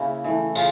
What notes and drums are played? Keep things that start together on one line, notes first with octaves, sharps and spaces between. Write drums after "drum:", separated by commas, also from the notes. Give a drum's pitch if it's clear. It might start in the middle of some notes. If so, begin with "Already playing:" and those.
Already playing: C#3 A#3 C#4 E4
E3 A3
C#3 F4, drum: tambourine